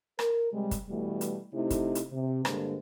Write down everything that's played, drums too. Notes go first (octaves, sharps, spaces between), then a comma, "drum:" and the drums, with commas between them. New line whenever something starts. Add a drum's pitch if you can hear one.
A#4, drum: rim click
C3 G3 G#3
drum: kick, hi-hat
B2 E3 G3 A3
drum: hi-hat
C3 A3 D#4 E4
drum: kick, hi-hat
drum: hi-hat
C3
G2 D3 G#3 A#3 C5, drum: rim click